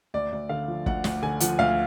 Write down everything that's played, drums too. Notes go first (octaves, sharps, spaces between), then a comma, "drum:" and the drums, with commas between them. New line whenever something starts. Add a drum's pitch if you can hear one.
D2 D5
D2
D3 F5
F3
D2 F#5, drum: kick
D2 F#5, drum: snare
D3 G#5
F3 F#5, drum: hi-hat
D2 F5